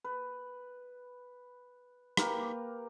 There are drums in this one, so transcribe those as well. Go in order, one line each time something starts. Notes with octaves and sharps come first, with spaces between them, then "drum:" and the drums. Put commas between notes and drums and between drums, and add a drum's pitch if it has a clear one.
B4
A#3 G4 A#4 B4, drum: rim click